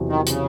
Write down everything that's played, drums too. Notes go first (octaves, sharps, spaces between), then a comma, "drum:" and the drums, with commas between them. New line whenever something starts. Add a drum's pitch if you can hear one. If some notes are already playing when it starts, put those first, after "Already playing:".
Already playing: E2 C3 F#3
D#3
C#3, drum: hi-hat